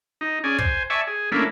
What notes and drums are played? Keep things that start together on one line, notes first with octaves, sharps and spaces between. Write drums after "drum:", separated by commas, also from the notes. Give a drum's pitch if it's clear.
D#4
C#4 G#4 D5 G#5
C5 G#5, drum: kick
D5 E5 G#5 A5 C#6
G#4
A3 A#3 C#4 D4 E4